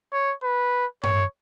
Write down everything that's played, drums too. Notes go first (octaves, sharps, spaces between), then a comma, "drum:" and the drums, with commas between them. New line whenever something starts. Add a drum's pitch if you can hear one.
C#5
B4
C#5, drum: tom G2